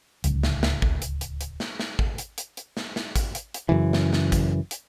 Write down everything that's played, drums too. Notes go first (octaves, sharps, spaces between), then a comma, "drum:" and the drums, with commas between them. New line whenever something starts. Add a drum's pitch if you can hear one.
D1 C#2, drum: hi-hat
drum: snare
drum: snare
drum: kick G#1
drum: hi-hat
drum: hi-hat
drum: hi-hat
drum: snare
drum: snare
drum: kick G#1
drum: hi-hat
drum: hi-hat
drum: hi-hat
drum: snare
drum: snare
drum: kick G#1, hi-hat
drum: hi-hat
drum: hi-hat
F#2 C#3 E3
drum: snare
drum: snare
drum: kick G#1, hi-hat
drum: hi-hat